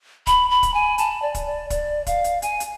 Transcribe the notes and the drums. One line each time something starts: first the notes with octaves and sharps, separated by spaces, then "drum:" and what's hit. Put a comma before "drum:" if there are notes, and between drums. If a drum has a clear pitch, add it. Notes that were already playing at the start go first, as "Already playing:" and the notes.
B5, drum: kick, hi-hat
B5
drum: kick, hi-hat
G#5
A5, drum: hi-hat
D5
drum: kick, hi-hat
D5
D5, drum: kick, hi-hat
F5, drum: kick, hi-hat
drum: hi-hat
G#5, drum: hi-hat
drum: hi-hat